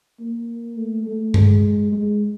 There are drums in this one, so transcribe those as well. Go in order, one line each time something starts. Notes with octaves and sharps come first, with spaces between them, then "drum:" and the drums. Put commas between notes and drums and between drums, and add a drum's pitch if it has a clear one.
A#3
A3
A3
G#3, drum: tom G2
G#3